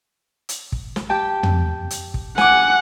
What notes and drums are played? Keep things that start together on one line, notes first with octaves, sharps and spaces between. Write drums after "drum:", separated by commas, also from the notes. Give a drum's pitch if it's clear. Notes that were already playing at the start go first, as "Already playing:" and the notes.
drum: hi-hat
drum: kick
drum: snare
G4 G5 A5
drum: tom
drum: hi-hat
drum: kick
F#5 G#5 D6, drum: snare